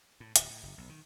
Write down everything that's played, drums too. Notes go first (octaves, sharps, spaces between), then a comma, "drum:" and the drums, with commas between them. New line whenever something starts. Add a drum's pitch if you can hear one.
A2
D1, drum: hi-hat
A2
F#1
B1
D#3